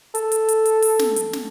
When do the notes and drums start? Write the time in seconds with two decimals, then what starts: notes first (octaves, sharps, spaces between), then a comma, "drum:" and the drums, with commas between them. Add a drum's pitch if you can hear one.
0.15 A4, drum: hi-hat
0.32 drum: hi-hat
0.49 drum: hi-hat
0.65 drum: hi-hat
0.82 drum: open hi-hat
0.99 drum: snare
1.16 drum: hi-hat
1.33 drum: snare